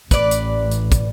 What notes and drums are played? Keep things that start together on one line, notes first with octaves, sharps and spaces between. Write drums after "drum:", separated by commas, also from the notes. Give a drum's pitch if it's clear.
A1 B4 D5, drum: kick, hi-hat
drum: hi-hat
drum: hi-hat
drum: kick, hi-hat